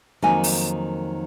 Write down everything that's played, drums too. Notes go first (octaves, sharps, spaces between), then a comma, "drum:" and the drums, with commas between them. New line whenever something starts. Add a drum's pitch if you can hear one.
F2 D#3 F#3 A#3 D#4 G#5
drum: open hi-hat